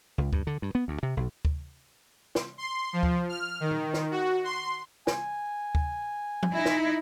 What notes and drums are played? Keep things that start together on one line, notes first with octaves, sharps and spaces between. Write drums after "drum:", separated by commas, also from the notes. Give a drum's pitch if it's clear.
C#2
G2, drum: kick D2
D3
G2
B3
D2
C3
B1
drum: kick D2
drum: snare
C6
F3
drum: kick D2
F6
D#3
drum: tom A#2
drum: snare
F#4
C6
G#5, drum: snare
drum: kick D2
drum: tom F3
D#4 E4
drum: snare